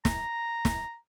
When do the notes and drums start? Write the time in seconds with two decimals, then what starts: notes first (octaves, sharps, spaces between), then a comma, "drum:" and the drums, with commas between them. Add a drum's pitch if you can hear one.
0.05 A#5, drum: snare
0.65 drum: snare